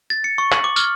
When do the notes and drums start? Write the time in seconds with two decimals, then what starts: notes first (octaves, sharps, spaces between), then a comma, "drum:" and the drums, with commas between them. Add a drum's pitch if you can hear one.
0.10 A6
0.24 C#7
0.38 C#6
0.52 F#7, drum: clap
0.64 D6
0.76 F6, drum: tambourine